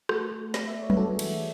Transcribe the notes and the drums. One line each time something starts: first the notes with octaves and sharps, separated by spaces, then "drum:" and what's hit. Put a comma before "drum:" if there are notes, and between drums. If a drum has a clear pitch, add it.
A3 F#4 A4, drum: rim click
A3
A3, drum: snare
E5
A3 D5
C#5
B4, drum: tom
D4 F#4 A4
G#4
E3 F#4, drum: cymbal